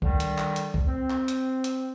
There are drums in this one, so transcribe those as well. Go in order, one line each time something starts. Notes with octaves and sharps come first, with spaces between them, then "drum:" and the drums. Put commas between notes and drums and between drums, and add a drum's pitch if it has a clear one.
D3 D#3 G3, drum: kick C2
drum: hi-hat
drum: clap
drum: hi-hat
drum: kick C2
C4
drum: clap
drum: hi-hat
drum: hi-hat